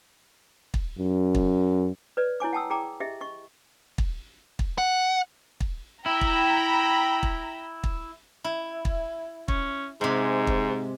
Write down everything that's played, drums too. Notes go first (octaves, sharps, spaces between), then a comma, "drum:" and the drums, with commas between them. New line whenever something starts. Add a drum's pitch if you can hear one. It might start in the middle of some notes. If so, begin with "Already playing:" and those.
drum: kick
F#2
drum: kick
B4 C#5 D5
E4 C#5 G#5 D6
F#5 G5 A5 A#5 D#6 E6
G#4 D5 G5 A#5 D6
G4 G#4 D#5 E5
D#5 C#6
drum: kick
drum: kick
F#5
drum: kick
E4 G5 A#5 B5
drum: kick
drum: kick
drum: kick
E4
drum: kick
C#4, drum: kick
G#2 C3 G#3
drum: kick